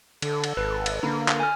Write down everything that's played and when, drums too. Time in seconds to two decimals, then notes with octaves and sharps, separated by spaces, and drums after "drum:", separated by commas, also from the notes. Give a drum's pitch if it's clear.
0.22 D3 A4, drum: cymbal
0.44 drum: cymbal
0.57 G#1 B4
0.86 drum: cymbal
1.03 D3 A#3 A#5 B5
1.28 drum: clap
1.40 G#5 F6